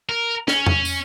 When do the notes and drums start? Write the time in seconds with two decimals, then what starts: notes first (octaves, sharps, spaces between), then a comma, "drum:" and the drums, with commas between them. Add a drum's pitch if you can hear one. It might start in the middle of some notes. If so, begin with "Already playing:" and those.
0.09 A#4
0.48 C#4, drum: snare
0.66 drum: tom E2
0.85 drum: tambourine